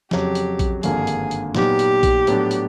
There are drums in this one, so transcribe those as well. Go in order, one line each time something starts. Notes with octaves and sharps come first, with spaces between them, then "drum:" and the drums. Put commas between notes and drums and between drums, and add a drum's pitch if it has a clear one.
F2 C#3 F#3 G4, drum: snare
drum: hi-hat
drum: kick A#1, hi-hat
G#1 G2 D3 F3 A#3 G#4, drum: hi-hat
drum: hi-hat
drum: hi-hat
A#2 F#3 B3 D#4 G4, drum: snare
drum: hi-hat
drum: kick A#1, hi-hat
A2 F#3 B3 D4, drum: hi-hat
drum: hi-hat